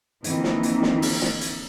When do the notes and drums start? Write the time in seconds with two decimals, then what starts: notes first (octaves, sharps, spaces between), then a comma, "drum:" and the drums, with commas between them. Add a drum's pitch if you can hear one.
0.24 F2 D3 E3 A#3 C4 D#4, drum: hi-hat
0.44 drum: snare
0.63 drum: hi-hat
0.83 drum: snare
1.02 drum: open hi-hat
1.22 drum: snare
1.41 drum: hi-hat